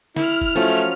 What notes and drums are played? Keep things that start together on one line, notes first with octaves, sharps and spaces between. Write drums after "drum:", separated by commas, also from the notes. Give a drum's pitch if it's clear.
E4 F6, drum: snare
drum: kick F1
F3 F#3 A3 C#4